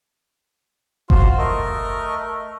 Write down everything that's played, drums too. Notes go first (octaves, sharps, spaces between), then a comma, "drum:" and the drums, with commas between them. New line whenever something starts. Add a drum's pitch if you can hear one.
F4 F#4 C5, drum: kick F#1
A3 A#4 D#5